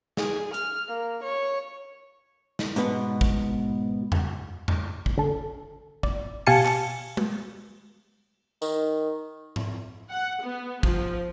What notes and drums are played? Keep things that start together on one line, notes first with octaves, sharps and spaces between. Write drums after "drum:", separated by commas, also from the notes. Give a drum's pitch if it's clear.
G#4, drum: snare
F6, drum: hi-hat
A#3
C#5
drum: snare
G#2 B2 B3, drum: hi-hat
drum: kick
drum: tom E2
drum: tom E2
drum: kick
D3 A4
D5, drum: kick
B2 G4 F5 G#5 A5 C#7, drum: open hi-hat
drum: clap
drum: tom G#3
D#3, drum: tambourine
drum: tom G#2
F#5
B3
F3, drum: kick